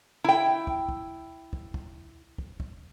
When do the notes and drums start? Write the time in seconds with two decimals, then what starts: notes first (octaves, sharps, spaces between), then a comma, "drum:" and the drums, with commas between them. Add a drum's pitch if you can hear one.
0.24 E4 G5
0.67 drum: kick
0.89 drum: kick
1.53 drum: kick
1.74 drum: kick
2.38 drum: kick
2.60 drum: kick